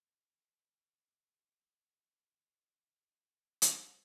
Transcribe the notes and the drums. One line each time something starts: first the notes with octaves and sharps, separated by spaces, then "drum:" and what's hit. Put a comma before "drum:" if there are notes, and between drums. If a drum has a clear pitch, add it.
G#5
G2 C3 A3 G#4
A1 D#5 B5 D#7
drum: hi-hat